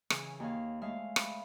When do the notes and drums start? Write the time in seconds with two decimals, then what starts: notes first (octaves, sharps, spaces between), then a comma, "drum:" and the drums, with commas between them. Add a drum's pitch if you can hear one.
0.10 C#3 E3, drum: rim click
0.40 D#2 C#5 F5
0.82 G#3 A3 E5 F5
1.16 B5, drum: rim click